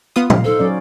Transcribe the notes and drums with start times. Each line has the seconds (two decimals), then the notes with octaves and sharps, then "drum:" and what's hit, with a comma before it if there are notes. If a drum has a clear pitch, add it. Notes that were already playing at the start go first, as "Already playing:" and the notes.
0.16 B3 F4 D#6
0.30 F5, drum: tom
0.45 D#4 A4 C5
0.59 F#3 C#4 D5